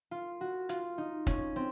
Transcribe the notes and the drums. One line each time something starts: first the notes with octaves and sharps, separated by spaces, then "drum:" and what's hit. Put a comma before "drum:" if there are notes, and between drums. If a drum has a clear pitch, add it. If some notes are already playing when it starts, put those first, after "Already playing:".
F4
F#4
F4, drum: hi-hat
D#4
C#4, drum: kick, hi-hat
C4